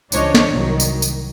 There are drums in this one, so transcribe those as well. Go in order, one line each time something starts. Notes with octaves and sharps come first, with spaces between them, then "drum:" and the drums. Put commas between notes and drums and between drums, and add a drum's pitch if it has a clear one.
C#2 E3 D4 C5 C#5 D#5, drum: tambourine
drum: snare
C2 D#3 F#3
drum: tambourine
drum: tambourine